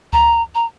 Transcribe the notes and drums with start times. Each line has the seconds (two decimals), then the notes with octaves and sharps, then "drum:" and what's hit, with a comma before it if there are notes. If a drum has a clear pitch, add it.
0.13 A#5, drum: kick C#2
0.55 A#5